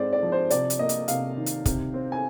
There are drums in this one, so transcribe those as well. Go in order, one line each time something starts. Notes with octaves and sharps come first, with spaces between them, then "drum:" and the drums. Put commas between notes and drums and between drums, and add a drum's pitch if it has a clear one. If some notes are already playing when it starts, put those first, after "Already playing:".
Already playing: G#2 G#3 C4 C5 D5
D5
F3
C5
C3 D5, drum: hi-hat
drum: hi-hat
A#3 D#5
drum: hi-hat
C3 F5, drum: hi-hat
D#3
drum: hi-hat
C3, drum: kick, hi-hat
C4
G#5